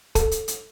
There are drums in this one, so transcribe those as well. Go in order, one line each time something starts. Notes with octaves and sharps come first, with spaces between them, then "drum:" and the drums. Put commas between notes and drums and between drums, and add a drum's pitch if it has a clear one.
A4, drum: kick, hi-hat
drum: hi-hat
drum: hi-hat